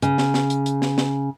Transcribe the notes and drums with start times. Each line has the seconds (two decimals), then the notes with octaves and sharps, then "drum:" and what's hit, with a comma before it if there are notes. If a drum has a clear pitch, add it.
0.02 C#3, drum: hi-hat
0.18 drum: snare
0.34 drum: snare
0.50 drum: hi-hat
0.66 drum: hi-hat
0.82 drum: snare
0.98 drum: snare